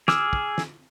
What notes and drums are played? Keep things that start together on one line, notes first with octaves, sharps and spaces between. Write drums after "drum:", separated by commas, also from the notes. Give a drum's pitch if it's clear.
G#4 D6 E6 F6, drum: snare
drum: kick
drum: snare